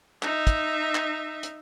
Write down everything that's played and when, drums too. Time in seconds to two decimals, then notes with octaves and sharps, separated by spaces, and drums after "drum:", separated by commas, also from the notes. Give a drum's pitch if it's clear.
0.23 D#4 E5, drum: clap
0.47 drum: kick, hi-hat
0.95 drum: clap
1.43 drum: hi-hat